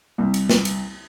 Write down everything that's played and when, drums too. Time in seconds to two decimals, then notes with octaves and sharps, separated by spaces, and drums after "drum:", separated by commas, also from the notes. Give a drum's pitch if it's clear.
0.18 C2
0.34 drum: cymbal
0.50 drum: snare
0.65 drum: cymbal